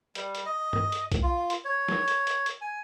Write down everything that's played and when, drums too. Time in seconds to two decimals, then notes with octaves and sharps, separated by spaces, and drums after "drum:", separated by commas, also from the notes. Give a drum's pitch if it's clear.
0.15 G3, drum: hi-hat
0.35 drum: hi-hat
0.46 D#5
0.73 drum: tom
0.92 drum: hi-hat
1.12 drum: kick, hi-hat
1.23 F4
1.50 drum: hi-hat
1.65 C#5
1.88 drum: snare
2.08 drum: hi-hat
2.27 drum: hi-hat
2.46 drum: hi-hat
2.61 G#5